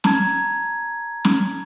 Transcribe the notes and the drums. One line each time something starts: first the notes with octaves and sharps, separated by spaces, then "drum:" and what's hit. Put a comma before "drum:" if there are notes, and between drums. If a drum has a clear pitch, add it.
A5 A#5 G#6, drum: snare
drum: snare